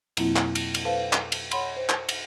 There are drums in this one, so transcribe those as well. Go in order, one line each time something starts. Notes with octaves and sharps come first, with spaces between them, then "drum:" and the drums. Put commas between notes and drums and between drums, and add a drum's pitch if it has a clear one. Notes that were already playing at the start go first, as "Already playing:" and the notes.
F2 B2 F#3 A#3 C4 E4, drum: cymbal
drum: clap
drum: cymbal
drum: cymbal
A4 B4 C5 F5 A5
drum: clap
drum: cymbal
C#5 F#5 B5 C6, drum: cymbal
C5
drum: clap
drum: cymbal